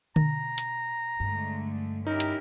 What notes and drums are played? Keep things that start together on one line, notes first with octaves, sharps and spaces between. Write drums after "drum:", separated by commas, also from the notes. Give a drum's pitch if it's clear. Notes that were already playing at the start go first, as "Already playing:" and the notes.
B2 A#5, drum: tom D3
drum: hi-hat
G2 D3 G#3 A3
C#4 D#4 E4 G4 A#4
drum: hi-hat